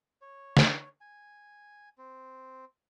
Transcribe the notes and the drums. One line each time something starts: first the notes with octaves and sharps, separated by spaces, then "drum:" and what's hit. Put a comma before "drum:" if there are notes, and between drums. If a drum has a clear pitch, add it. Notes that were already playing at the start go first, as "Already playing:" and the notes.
C#5
drum: snare
G#5
C4